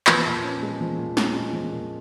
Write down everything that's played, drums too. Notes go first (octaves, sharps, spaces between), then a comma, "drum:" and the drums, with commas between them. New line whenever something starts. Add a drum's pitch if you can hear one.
F3 B4, drum: clap
A#2
C#4
G#3
F3
A#2
C#4, drum: snare
G#3
F3
A#2